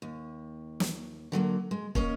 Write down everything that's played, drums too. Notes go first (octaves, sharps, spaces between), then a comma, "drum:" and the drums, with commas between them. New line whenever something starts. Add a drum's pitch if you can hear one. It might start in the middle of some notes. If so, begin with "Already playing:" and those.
D#2
drum: snare
D3 F#3 A3 A#3
G#3
A#3 C#4 C#5 D#5, drum: kick